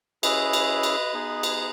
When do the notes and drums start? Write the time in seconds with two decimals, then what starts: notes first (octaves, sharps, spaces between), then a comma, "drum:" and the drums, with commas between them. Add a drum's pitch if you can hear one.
0.23 C#4 E4 G#4 B4 D#5, drum: cymbal
0.53 drum: cymbal
0.83 drum: cymbal
1.14 B3 D#4 G#4
1.43 drum: cymbal